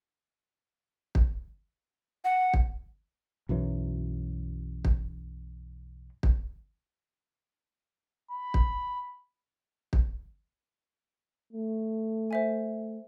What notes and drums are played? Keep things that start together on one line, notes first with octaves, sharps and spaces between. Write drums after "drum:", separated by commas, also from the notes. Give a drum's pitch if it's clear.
drum: kick
F#5
drum: kick
B1 F#2 E3 F#3
drum: kick
drum: kick
B5
drum: kick
drum: kick
A3
C5 E5 G#5